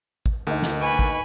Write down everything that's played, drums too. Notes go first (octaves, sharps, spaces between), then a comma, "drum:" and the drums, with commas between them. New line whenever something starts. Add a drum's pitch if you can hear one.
drum: kick
D2 A#3 D#4
drum: snare
B4 G#5 B5 C#6
drum: kick